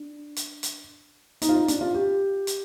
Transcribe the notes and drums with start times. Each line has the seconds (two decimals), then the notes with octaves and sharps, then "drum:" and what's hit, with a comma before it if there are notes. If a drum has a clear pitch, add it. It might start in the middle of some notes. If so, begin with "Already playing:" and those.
Already playing: D4
0.36 drum: hi-hat
0.63 drum: hi-hat
1.42 D#4, drum: hi-hat
1.49 F4
1.55 D#4
1.68 D4, drum: hi-hat
1.81 F4
1.95 G4
2.47 drum: hi-hat